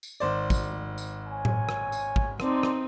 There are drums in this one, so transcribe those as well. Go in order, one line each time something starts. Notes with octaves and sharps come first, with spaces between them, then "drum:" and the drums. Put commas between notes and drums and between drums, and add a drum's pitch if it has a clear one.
drum: tambourine
G#1 C5 D5
drum: kick, tambourine
drum: tambourine
C#5 G#5
drum: tom A2
drum: rim click
drum: tambourine
drum: kick
C4 D#4 D5 A5 C6, drum: rim click
drum: rim click